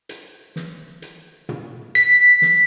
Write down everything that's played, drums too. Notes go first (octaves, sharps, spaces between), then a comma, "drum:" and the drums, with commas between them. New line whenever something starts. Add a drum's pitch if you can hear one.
drum: hi-hat
drum: snare
drum: hi-hat
drum: tom
B6, drum: hi-hat
drum: snare